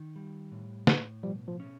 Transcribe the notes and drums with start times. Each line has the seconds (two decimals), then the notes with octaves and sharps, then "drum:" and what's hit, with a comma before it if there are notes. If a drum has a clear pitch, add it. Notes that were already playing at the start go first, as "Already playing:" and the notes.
Already playing: D#3
0.16 G3
0.52 A2
0.87 A2, drum: snare
1.23 B2 F3 G3
1.48 F3
1.60 C#4